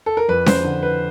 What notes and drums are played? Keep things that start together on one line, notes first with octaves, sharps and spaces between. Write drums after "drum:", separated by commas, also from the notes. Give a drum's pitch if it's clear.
A4
A#4
F2 B4
C5, drum: snare C#4
D3
B4